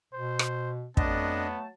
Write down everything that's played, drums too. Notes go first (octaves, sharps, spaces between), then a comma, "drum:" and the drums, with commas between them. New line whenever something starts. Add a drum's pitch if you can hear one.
B2 C5
drum: rim click
F2 F#3 A3 B3 D4 D#5 A5, drum: kick